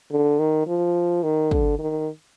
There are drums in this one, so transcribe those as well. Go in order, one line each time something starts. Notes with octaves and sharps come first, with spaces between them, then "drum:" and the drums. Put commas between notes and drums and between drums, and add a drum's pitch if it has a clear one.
D3
D#3
F3
D#3
D3, drum: kick
D#3